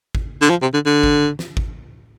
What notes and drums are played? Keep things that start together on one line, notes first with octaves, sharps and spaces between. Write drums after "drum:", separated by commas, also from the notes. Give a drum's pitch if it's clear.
drum: kick G#1
D3
F3
C3
D3
D3
drum: kick G#1
drum: snare
drum: kick G#1